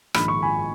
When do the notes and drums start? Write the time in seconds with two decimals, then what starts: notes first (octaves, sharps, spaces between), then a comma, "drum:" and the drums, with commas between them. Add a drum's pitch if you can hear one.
0.14 A#1 G#2 D#3 B5, drum: rim click
0.28 C#6
0.42 G#5 B5